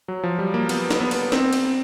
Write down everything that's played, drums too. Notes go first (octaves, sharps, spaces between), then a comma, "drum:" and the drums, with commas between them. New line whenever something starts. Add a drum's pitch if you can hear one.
F#3
F3
G3
A#3
B3, drum: cymbal
drum: snare
B3
drum: cymbal
C4, drum: snare
drum: cymbal